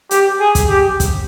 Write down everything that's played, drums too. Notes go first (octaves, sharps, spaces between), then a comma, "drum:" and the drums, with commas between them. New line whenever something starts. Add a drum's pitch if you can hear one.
G4, drum: hi-hat
G#4
drum: kick, hi-hat
G4
drum: kick, hi-hat